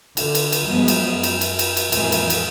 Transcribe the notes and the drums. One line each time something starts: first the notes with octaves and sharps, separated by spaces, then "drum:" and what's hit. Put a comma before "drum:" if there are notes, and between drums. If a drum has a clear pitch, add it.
D3, drum: cymbal
drum: cymbal
drum: cymbal
G2 F3 F#3 G#3 B3
drum: cymbal
F#2
drum: cymbal
drum: cymbal
drum: cymbal
drum: cymbal
F2 A2 E3 G#3 A#3, drum: cymbal
drum: cymbal
drum: cymbal